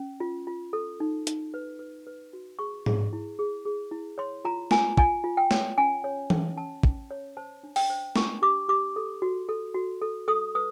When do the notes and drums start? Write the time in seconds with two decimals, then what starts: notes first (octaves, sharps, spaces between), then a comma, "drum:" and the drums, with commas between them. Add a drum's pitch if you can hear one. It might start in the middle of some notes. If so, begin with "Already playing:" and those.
Already playing: C#4
0.20 F4
0.47 F4
0.73 A4
1.00 D#4
1.27 D#4, drum: hi-hat
1.54 B4
1.79 B4
2.07 B4
2.33 F#4
2.59 G#4 C#6
2.86 G#4, drum: tom G#2
3.13 E4
3.39 G#4
3.65 G#4
3.91 E4
4.18 C#5 C6
4.45 F4 A#5
4.71 F4 G#5, drum: snare
4.97 F4 G#5, drum: kick
5.24 F4
5.37 G5
5.51 C#5, drum: snare
5.78 C#4 G#5
6.04 C#5
6.30 C#4, drum: tom E3
6.57 C#4 A5
6.83 C#4, drum: kick
7.11 C#5
7.37 C5 A5
7.63 D4
7.76 G5, drum: open hi-hat
7.90 C5
8.16 D4 C#6, drum: snare
8.42 G4 D6
8.68 G4 D6
8.96 A4
9.22 F#4
9.49 A4
9.74 F#4
10.02 A4
10.28 A4 D#6
10.55 B4 D#6